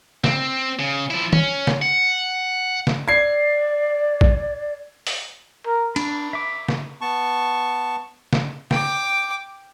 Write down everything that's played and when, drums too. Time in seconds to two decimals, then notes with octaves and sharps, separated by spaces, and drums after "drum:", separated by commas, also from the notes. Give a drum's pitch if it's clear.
0.24 C4, drum: snare
0.79 C#3
1.10 F3 E4
1.33 C#4, drum: tom
1.67 drum: snare
1.82 F#5
2.87 drum: snare
3.08 D5 G#6 C7
4.21 drum: kick
5.07 drum: open hi-hat
5.66 A#4
5.96 D4 B5, drum: cymbal
6.33 E5 D6
6.69 drum: snare
7.01 B3 A5 C#6
8.33 drum: snare
8.71 G5 D6, drum: snare